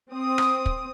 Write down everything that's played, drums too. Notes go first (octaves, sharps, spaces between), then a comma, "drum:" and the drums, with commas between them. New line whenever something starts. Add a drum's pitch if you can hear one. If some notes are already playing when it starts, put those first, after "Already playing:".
C4 D#6
drum: rim click
drum: kick